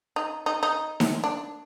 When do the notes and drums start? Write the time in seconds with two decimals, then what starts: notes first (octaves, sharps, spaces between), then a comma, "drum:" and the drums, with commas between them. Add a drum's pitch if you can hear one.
0.16 D#4
0.46 D#4
0.63 D#4
1.00 drum: snare D#4
1.24 D4